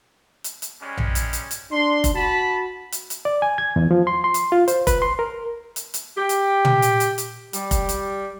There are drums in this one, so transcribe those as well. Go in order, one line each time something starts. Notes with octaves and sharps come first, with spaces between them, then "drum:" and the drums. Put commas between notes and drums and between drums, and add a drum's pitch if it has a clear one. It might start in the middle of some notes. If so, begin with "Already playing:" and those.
drum: hi-hat
drum: hi-hat
G3 G#3 C#4
drum: tom A#1
drum: hi-hat
drum: hi-hat
drum: hi-hat
D4 C6
drum: kick F1, hi-hat
F#4 A5 B5
drum: hi-hat
drum: hi-hat
D5
G#5
G#6
E2
F3
C6
C6
drum: hi-hat
F4
C5, drum: hi-hat
B4, drum: kick F1, hi-hat
C6
A#4
drum: hi-hat
drum: hi-hat
G4
drum: hi-hat
drum: tom
drum: hi-hat
drum: hi-hat
drum: hi-hat
G3, drum: hi-hat
drum: kick F1, hi-hat
drum: hi-hat